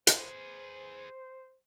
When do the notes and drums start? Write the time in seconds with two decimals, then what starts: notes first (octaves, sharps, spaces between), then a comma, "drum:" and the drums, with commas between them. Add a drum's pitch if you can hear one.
0.07 G#4 B4 C5, drum: hi-hat